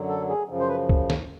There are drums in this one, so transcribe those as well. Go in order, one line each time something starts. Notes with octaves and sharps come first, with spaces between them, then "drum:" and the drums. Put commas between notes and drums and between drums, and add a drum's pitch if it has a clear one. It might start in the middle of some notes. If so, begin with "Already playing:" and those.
Already playing: F#2 D3 F#3
A4
G#4
F#2 C#3 F3
C5
B4
drum: kick
drum: snare